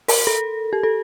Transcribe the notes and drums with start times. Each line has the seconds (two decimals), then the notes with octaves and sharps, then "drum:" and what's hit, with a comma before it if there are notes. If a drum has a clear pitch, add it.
0.08 A#4, drum: open hi-hat
0.27 A4
0.73 G4
0.83 A4